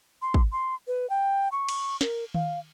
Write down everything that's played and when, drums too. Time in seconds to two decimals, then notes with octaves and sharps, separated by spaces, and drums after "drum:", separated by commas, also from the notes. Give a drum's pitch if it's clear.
0.22 C6
0.34 drum: kick
0.52 C6
0.87 B4
1.10 G5
1.52 C#6
1.69 drum: cymbal
2.01 A#4, drum: snare
2.34 F5, drum: tom D#3